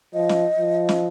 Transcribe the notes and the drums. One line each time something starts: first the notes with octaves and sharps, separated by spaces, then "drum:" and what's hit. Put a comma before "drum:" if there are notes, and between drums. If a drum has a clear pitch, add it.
F3 D#5
drum: snare
F3
drum: snare